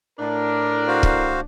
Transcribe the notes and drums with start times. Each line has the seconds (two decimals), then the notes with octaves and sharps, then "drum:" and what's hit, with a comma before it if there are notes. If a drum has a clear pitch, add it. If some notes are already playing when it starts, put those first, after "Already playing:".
0.19 A2 D4 A#4
0.88 F#4 C5 F5
1.03 drum: kick